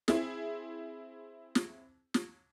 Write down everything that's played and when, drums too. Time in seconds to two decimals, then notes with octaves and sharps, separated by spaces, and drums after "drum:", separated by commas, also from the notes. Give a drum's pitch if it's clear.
0.08 C4 E4 G#4, drum: snare
1.55 drum: snare
2.14 drum: snare